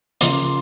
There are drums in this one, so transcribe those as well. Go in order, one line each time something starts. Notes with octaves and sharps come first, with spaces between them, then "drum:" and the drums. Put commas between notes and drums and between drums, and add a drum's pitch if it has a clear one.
C#3 F3 A#3 C6 D6, drum: hi-hat
C6